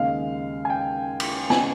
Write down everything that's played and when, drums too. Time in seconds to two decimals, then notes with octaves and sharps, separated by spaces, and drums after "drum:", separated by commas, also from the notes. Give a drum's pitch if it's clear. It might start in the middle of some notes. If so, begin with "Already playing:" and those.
Already playing: D#2 C#3 G#3 F5
0.65 G#5
0.70 G5
1.20 drum: cymbal
1.50 C#3 G#3 G#5, drum: snare